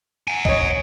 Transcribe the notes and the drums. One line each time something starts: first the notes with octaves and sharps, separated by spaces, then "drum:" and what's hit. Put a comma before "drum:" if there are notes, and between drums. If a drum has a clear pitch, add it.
F#5 G#5
C#5 D#5, drum: kick